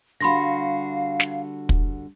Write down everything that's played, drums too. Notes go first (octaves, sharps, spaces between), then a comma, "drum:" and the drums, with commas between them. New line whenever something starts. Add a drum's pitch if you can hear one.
D3 G3 F#4 F5 B5 C6 A#6
drum: snare
drum: kick